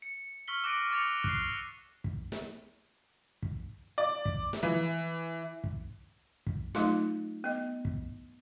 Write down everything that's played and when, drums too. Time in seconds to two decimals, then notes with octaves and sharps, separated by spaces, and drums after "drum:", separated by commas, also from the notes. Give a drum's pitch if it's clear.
0.02 C#7
0.48 C#6 E6 F6 B6 G7
0.64 D6 F#6 A#6 D7 D#7
0.91 C#6 D6 A6 C#7 F7
1.24 F#6 C7, drum: kick
2.04 drum: kick
2.32 drum: snare
3.42 drum: kick
3.98 D5
4.25 drum: kick
4.53 drum: snare
4.63 E3
5.64 drum: kick
6.47 drum: kick
6.75 F#3 A3 D#4 F4, drum: snare
7.44 B3 D#5
7.85 drum: kick